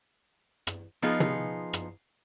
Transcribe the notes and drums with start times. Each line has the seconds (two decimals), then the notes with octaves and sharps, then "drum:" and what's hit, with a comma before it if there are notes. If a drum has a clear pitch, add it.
0.67 drum: rim click
1.02 F3 B3 D#4 F4 G#4
1.20 drum: tom
1.73 drum: rim click